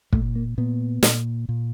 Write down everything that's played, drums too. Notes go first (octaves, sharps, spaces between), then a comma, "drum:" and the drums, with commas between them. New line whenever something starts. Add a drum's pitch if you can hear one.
A#2 A3, drum: kick
A#3
A#2 B3
A#2, drum: snare
A#2